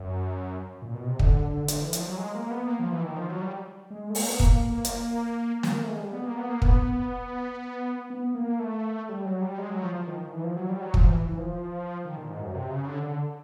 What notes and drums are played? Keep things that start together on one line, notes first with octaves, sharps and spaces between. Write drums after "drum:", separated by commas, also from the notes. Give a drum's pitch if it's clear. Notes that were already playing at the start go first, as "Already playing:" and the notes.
Already playing: F#2
A#2
B2
C3
D3, drum: kick
D3
D3, drum: hi-hat
E3
F3, drum: hi-hat
F#3
G#3
A#3
B3
A#3
F3
E3
D#3
F3
F#3
G3
G#3
A3
A#3, drum: open hi-hat
B3
A#3, drum: kick
A#3
drum: hi-hat
A#3, drum: snare
A#3
A3
G#3
G3
B3
A#3
B3
A#3
B3, drum: kick
B3
A#3
A3
G3
F#3
G3
G#3
F#3
F3
F3
D#3
D#3
E3
F3
F#3
G3
F#3
F3, drum: kick
E3
E3
F3
D#3
A#2
G#2
F#2
C3
C#3
D3
D3